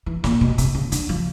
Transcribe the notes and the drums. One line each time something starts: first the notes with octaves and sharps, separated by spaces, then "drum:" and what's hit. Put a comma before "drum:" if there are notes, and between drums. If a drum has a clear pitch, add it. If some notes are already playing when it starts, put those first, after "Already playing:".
E3
A#2, drum: snare
B2
C3, drum: hi-hat
C#3
D3, drum: hi-hat
F3